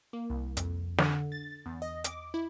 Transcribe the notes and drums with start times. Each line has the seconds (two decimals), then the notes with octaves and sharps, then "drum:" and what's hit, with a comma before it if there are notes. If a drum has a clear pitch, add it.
0.13 A#3
0.30 C2
0.57 F2, drum: hi-hat
0.98 D3, drum: snare
1.32 A6
1.66 E2
1.82 D#5
2.04 D6, drum: hi-hat
2.34 E4